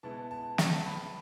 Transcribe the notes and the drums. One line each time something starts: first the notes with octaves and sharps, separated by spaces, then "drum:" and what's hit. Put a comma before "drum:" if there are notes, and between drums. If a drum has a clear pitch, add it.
B2 G#3 B3 E4 A5
A5
A5, drum: snare
B5